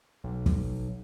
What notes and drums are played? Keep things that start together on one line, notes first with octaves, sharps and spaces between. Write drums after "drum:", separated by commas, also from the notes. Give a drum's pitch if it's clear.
B1
drum: kick